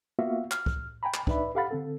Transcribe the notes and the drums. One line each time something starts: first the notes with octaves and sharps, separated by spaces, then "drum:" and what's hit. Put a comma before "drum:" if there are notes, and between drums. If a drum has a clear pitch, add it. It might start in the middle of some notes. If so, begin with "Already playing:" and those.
A#3 B3 F4 F#4 E5 F5
F6, drum: clap
drum: kick
G5 G#5 A#5 B5
drum: clap
D4 D#4 B4 D5 E5 B5, drum: kick
G4 A4 F5 F#5 B5 A6
D3 C4 A4